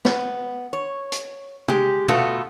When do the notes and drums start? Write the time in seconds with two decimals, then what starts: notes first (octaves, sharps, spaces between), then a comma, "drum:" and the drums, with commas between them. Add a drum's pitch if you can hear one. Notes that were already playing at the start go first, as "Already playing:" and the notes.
0.05 B3, drum: snare
0.73 C#5
1.12 drum: hi-hat
1.68 G#3 G4, drum: tom
2.08 B2 A3 B3 F4 F#4 A4, drum: tom